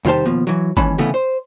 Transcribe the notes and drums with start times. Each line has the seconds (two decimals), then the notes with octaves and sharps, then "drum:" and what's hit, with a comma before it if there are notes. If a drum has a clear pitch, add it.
0.05 C2 D#3 F4 G4 C5 A5, drum: tom
0.26 D#2 B2 F3
0.47 E3 F#3
0.77 D#2 E3 G#3 C#4 A5 B5, drum: kick G1
0.98 D2 A2 C#3 E3 A3 B3
1.14 C5